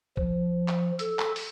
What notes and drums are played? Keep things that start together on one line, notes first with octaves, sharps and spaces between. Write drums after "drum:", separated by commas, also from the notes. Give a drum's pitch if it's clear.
F3, drum: kick B1
drum: clap
A4, drum: hi-hat
drum: clap
drum: open hi-hat